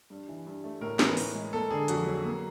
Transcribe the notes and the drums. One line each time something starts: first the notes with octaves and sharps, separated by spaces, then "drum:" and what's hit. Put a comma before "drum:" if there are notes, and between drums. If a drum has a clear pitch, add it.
G2
E3
G2
A3
A2 A#4
E3 A#4, drum: snare
B4
A2, drum: open hi-hat
G#3
A#3 A4
D3 G#4
F2 F#4, drum: hi-hat
F#3
A#3